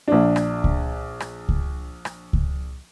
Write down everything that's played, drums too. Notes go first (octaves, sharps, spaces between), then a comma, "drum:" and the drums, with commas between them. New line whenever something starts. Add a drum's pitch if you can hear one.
A#1 D4
drum: rim click
drum: kick C#2
drum: rim click
drum: kick C#2
drum: rim click
drum: kick C#2